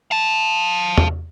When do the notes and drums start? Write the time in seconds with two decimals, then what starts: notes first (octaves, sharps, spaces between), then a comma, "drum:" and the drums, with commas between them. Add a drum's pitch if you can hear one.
0.11 F5 A5
0.98 drum: tom E2